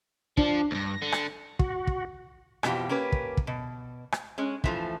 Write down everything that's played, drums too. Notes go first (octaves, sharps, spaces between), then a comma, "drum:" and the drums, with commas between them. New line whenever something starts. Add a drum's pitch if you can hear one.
F3 D4, drum: kick
D2 G2 A#6
D3
drum: rim click
F#4, drum: kick
drum: kick
F2 B2 E3 F3 G4, drum: rim click
A#3 C#4 G4 B4
drum: kick
drum: kick
B2
drum: rim click
G#3 C#4
E3 F3 A3, drum: kick